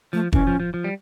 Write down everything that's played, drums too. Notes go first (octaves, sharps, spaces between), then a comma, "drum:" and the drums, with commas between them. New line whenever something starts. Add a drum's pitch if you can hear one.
F3 A3
E3 C#4, drum: kick
F3
F3
F3
G3